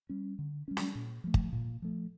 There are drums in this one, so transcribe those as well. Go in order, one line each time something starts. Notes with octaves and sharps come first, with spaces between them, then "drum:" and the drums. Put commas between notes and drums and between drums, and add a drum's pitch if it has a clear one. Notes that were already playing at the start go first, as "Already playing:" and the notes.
G3 C#4
D3
G3 C#4
drum: snare
A#2
F3 A3
drum: kick
A#2
F3 A3